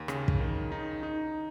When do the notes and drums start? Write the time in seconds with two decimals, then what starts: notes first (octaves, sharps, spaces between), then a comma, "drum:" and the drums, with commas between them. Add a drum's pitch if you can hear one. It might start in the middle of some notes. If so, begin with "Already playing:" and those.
Already playing: D#2
0.08 C#3, drum: rim click
0.28 drum: kick
0.40 D#3
0.72 D#4
1.03 D#4